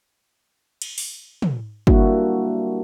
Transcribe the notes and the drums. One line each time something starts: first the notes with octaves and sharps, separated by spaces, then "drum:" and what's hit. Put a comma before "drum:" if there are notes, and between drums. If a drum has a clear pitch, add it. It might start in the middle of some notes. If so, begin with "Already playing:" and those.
drum: cymbal
drum: open hi-hat
drum: tom
G3 A#3 D4 E4 F#4, drum: kick